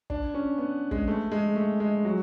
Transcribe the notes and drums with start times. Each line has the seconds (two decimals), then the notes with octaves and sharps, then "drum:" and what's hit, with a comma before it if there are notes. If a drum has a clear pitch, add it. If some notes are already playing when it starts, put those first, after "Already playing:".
0.10 D4, drum: kick
0.34 C#4
0.58 B3
0.91 G#3, drum: kick
1.08 A3
1.32 G#3
1.56 A3
1.80 G#3
2.05 F#3